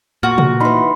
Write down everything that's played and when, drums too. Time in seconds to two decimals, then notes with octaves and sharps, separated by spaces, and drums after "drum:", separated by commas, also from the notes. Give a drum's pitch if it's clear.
0.23 A#2 F#4 F6
0.38 drum: tom
0.60 E3 D#4 B5 C6